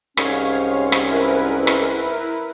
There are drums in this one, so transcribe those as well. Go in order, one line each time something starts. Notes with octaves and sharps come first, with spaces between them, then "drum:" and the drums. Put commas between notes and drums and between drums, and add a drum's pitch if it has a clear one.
C2 G#2 C#4 C#5 F5, drum: rim click
drum: rim click
E4 A#4 B4
drum: rim click